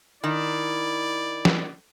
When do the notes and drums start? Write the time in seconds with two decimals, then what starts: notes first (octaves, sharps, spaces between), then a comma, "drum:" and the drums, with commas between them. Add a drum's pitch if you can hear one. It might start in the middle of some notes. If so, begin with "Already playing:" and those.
0.24 D#3 E4 D5
1.45 drum: snare